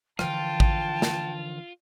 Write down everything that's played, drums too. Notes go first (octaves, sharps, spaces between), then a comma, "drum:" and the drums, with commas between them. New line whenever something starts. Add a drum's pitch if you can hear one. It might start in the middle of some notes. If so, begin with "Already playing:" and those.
D3 E3 F3 F4 G5 A5, drum: rim click
drum: kick A1
drum: snare